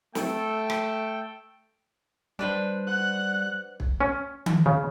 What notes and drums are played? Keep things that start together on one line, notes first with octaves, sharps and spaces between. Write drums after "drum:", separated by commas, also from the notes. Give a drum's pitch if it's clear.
A3 A4 G5, drum: snare
drum: rim click
G3 D4 B4 C5
F#5 F#6
drum: kick
C#4
drum: tom D#3
C#3